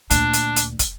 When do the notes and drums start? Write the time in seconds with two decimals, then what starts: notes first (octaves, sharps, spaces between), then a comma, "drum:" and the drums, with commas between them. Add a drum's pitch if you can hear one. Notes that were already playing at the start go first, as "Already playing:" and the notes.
0.11 D2 A#2 D4, drum: hi-hat
0.34 drum: hi-hat
0.56 drum: hi-hat
0.79 drum: kick, hi-hat